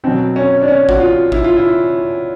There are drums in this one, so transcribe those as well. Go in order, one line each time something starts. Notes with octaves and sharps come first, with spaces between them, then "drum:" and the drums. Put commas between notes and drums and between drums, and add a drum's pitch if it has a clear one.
B2 F#3 C4
C#4
D4
C#4
F#4, drum: kick G#1
F4
E4, drum: kick G#1
F4
E4